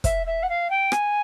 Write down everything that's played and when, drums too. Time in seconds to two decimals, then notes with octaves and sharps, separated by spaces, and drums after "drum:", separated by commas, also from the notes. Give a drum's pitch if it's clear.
0.04 E5, drum: kick, hi-hat
0.26 E5
0.42 F#5
0.49 F5
0.70 G5
0.92 G#5, drum: rim click